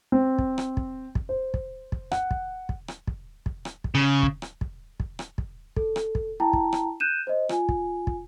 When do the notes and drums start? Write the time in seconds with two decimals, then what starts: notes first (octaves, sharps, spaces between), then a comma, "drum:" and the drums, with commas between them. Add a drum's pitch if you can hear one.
0.12 C4
0.38 drum: kick
0.58 drum: rim click
0.77 drum: kick
1.15 drum: kick
1.29 C5
1.54 drum: kick
1.92 drum: kick
2.12 F#5, drum: rim click
2.31 drum: kick
2.69 drum: kick
2.88 drum: rim click
3.07 drum: kick
3.46 drum: kick
3.65 drum: rim click
3.84 drum: kick
3.95 C#3
4.23 drum: kick
4.42 drum: rim click
4.61 drum: kick
5.00 drum: kick
5.19 drum: rim click
5.38 drum: kick
5.76 A4, drum: kick
5.96 drum: rim click
6.15 drum: kick
6.40 E4 G5 A5 A#5
6.53 drum: kick
6.73 drum: rim click
7.00 F#6 G6 D#7 E7
7.27 C5 D#5
7.49 F4 G#5, drum: rim click
7.69 drum: kick
8.07 drum: kick